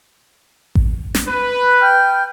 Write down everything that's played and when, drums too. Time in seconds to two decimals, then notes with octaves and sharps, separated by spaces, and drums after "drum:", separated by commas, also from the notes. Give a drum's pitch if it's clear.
0.75 drum: kick A1
1.15 drum: snare
1.28 B4
1.81 G5 F6 G6